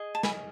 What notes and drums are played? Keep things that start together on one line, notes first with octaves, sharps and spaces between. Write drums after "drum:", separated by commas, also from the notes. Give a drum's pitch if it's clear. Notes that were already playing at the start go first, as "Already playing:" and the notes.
Already playing: G#4 D#5
A5
G#5 B5, drum: snare